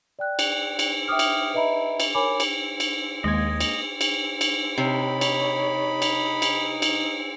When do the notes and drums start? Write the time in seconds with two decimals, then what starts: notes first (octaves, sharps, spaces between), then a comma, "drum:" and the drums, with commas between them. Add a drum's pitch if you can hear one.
0.19 D5 G5 F#6
0.39 drum: cymbal
0.79 drum: cymbal
1.08 E5 G5 D6 D#6 F6
1.19 drum: cymbal
1.54 B4 D#5 E5 A#5 B5
2.00 drum: cymbal
2.15 A#4 C#5 G#5 B5 D6
2.40 drum: cymbal
2.80 drum: cymbal
3.24 D#2 G#3 A#3 D#5 G#6
3.60 drum: cymbal
4.01 drum: cymbal
4.41 drum: cymbal
4.78 C3 D#4 C#5 B5
5.21 drum: cymbal
6.02 drum: cymbal
6.42 drum: cymbal
6.82 drum: cymbal